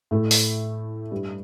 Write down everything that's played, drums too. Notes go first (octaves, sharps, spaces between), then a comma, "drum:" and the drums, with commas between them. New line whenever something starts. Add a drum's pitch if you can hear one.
A2 A3
drum: open hi-hat
G2 G3